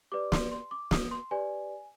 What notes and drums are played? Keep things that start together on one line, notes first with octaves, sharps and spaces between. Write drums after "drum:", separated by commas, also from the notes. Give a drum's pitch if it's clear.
G4 B4 D5 D6
C6, drum: snare
C6
D6
D#6, drum: snare
C6
G4 B4 D5 G#5